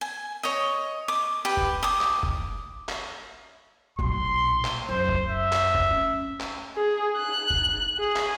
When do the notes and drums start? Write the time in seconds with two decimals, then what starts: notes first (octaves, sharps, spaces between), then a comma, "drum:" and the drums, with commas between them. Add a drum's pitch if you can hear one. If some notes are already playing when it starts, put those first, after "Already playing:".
0.01 G#5
0.43 C#5 D#5
1.08 D6
1.45 G4 B4
1.57 drum: kick F1
1.83 D6 D#6
2.01 drum: clap
2.23 drum: kick F1
2.89 drum: clap
3.99 B1 A#2 C6, drum: kick F1
4.65 drum: clap
4.89 F#2 C5
5.09 drum: kick F1
5.28 E5
5.53 drum: clap
5.75 drum: kick F1
5.91 C#4
6.41 drum: clap
6.77 G#4
7.18 F#6
7.50 drum: kick F1
7.99 G#4
8.16 drum: clap